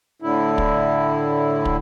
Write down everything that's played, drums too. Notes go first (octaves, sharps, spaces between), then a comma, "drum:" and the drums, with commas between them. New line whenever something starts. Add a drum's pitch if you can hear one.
A2 D3 E4
drum: kick
drum: kick